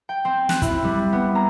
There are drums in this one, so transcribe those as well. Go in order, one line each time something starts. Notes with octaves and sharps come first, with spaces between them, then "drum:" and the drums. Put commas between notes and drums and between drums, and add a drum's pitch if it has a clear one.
G5
C4
F#6, drum: snare
E4, drum: kick, hi-hat
G3
B3
A#5